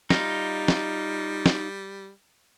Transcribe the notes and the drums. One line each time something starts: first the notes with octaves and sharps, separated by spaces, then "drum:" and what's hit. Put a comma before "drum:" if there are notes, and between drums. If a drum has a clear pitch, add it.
G3 D#4 F4, drum: snare
drum: snare
drum: snare